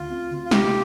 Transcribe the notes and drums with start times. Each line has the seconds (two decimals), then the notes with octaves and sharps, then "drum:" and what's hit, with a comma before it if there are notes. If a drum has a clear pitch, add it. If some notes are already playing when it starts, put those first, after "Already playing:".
Already playing: D2 F4
0.10 C4
0.31 D2
0.45 F4
0.51 C3 G4, drum: snare